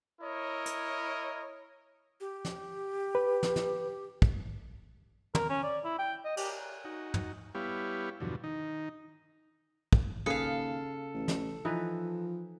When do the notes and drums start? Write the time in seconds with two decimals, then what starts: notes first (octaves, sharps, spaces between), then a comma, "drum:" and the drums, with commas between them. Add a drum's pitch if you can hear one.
0.21 E4 A#4 C#5 D#5
0.66 drum: hi-hat
2.21 G4
2.45 drum: snare
3.15 B4
3.43 drum: snare
3.56 drum: snare
4.22 drum: kick
5.35 A#4, drum: tom
5.50 C#4
5.63 D5
5.84 E4
5.99 G5
6.25 D#5
6.37 G4, drum: cymbal
6.85 D#4 F#4
7.14 drum: tom
7.55 G3 B3 E4 G4 C#5 F5
8.20 E2 G2 B2 D3 F3 F#3
8.44 D#3 D#4
9.93 drum: kick
10.26 D#2 C#3 G#4 A4 B4 F5
11.14 A1
11.28 drum: snare
11.65 E3 F3 D#4 B4